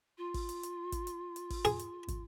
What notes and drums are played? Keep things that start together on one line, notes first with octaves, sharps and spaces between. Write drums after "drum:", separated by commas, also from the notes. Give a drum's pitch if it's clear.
F4
drum: kick, open hi-hat
drum: hi-hat
drum: hi-hat
drum: kick, hi-hat
drum: hi-hat
drum: hi-hat
drum: kick, open hi-hat
G#4, drum: hi-hat
drum: hi-hat
drum: kick, hi-hat